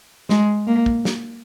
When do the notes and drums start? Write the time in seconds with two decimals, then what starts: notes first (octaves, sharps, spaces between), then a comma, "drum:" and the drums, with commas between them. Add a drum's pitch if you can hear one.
0.29 G#3, drum: snare
0.67 A#3
0.86 drum: kick
1.05 drum: snare